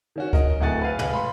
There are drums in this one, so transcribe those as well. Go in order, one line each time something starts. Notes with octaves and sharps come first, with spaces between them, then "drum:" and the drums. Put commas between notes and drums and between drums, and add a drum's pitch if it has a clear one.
D#3 C#4 F#4
A#4 D#5, drum: kick D2
D1 A3 F#5 G#5 A6
B4 F5
drum: tom
B5 C6